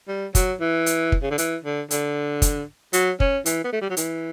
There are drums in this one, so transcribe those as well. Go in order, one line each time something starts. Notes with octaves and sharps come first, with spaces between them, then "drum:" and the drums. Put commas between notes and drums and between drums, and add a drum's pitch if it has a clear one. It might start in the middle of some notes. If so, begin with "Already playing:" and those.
G3
F#3, drum: kick, hi-hat
E3
drum: hi-hat
drum: kick
C#3
D3
E3, drum: hi-hat
D3
D3, drum: hi-hat
drum: kick, hi-hat
F#3, drum: hi-hat
C#4, drum: kick
E3, drum: hi-hat
B3
A3
G3
F#3
E3, drum: hi-hat